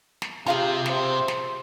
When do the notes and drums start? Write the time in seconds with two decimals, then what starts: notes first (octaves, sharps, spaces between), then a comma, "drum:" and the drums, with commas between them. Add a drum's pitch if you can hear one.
0.22 drum: snare
0.46 C3 F4 G4 G#4 F5 A#5
0.86 C5, drum: snare
1.28 drum: snare